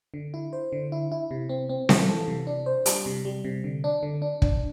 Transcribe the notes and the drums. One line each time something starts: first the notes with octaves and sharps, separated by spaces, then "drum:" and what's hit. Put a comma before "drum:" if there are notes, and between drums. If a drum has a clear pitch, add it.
D3
E4
C5
D3
E4
E4
C3
C4
C4
E3, drum: snare C4
A4
C3
D4
C5
G3, drum: hi-hat
C3
G3
C3
D3
D4
D3
D4
D4, drum: kick